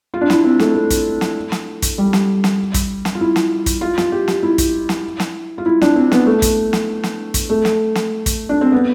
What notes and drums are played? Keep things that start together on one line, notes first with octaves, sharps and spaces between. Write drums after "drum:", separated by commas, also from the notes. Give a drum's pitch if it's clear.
F4
D4
E4, drum: snare
C4
A3, drum: snare
A3
drum: kick, hi-hat
drum: snare
drum: snare
drum: kick, hi-hat
G3
drum: snare
drum: snare
drum: kick, hi-hat
drum: snare
F4
E4
drum: snare
drum: kick, hi-hat
F4
F4, drum: snare
G4
drum: snare
E4
drum: kick, hi-hat
drum: snare
drum: snare
F4
E4
D4, drum: snare
C4
B3, drum: snare
A3
drum: kick, hi-hat
drum: snare
drum: snare
drum: kick, hi-hat
A3
drum: snare
drum: snare
drum: kick, hi-hat
D4
C4
B3